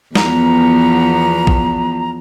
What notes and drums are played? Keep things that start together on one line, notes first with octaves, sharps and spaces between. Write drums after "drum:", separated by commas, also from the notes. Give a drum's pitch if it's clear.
E2 F3 B3 A#5, drum: snare
drum: kick A#1